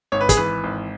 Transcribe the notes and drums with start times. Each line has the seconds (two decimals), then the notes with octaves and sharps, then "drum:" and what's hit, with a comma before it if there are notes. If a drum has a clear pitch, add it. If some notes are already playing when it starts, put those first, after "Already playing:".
0.12 G#1 C#5
0.21 B4
0.29 G#4, drum: kick, hi-hat
0.37 E3 B4
0.64 G#1